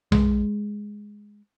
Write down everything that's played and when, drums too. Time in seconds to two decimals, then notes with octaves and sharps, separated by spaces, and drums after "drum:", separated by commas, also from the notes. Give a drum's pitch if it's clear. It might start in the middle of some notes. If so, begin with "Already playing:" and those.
0.12 G#3, drum: tom B1